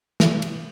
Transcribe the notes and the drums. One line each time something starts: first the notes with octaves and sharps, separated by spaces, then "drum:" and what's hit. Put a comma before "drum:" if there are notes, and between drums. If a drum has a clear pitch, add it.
E3, drum: snare
drum: cymbal